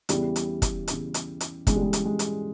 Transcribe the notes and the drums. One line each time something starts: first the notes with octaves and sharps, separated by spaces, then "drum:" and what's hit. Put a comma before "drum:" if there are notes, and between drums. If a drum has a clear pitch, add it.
E2 C#3 E3 G3, drum: hi-hat
drum: hi-hat
drum: kick, hi-hat
E2 C#3 E3, drum: hi-hat
drum: hi-hat
drum: hi-hat
E2 C#3 E3 G#3, drum: kick, hi-hat
G3
G#3
drum: hi-hat
G#3
drum: hi-hat